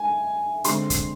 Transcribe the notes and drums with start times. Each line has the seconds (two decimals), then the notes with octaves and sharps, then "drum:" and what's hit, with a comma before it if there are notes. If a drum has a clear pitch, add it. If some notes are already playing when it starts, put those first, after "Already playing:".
Already playing: G#5
0.64 D3 G#3 C4 C6, drum: hi-hat
0.90 drum: kick, hi-hat